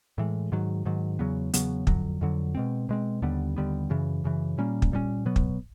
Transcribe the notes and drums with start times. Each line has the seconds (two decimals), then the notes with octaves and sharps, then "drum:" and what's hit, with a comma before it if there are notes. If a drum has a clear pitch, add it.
0.18 A2 E3 G#3
0.52 G#2 D#3 F#3
0.86 G#2 D#3 F#3
1.19 E2 C#3 F#3 B3
1.54 E2 C#3 F#3 B3, drum: hi-hat
1.87 F2 D3 F#3, drum: kick
2.21 F2 D3 F#3
2.55 B2 G#3 C4
2.89 B2 G#3 C4
3.22 D#2 D3 G3 B3
3.56 D#2 D3 G3 B3
3.90 F#2 C#3 E3
4.24 F#2 C#3 E3
4.58 A#2 G3 A#3 C#4
4.82 drum: kick
4.92 A#2 G3 A#3 C#4
5.26 B2 F#3 B3
5.36 drum: kick